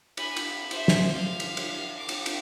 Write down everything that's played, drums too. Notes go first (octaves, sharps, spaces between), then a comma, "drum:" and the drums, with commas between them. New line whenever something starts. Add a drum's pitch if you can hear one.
G#5 B5, drum: cymbal
drum: cymbal
C5 E5, drum: cymbal
drum: snare
F5
drum: cymbal
drum: cymbal
D6
drum: cymbal
drum: cymbal